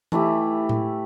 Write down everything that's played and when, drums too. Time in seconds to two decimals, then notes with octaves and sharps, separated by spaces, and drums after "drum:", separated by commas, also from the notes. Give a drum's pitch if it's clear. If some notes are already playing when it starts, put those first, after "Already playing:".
0.12 E3 A3 E4 G4, drum: tom E3
0.69 drum: tom A2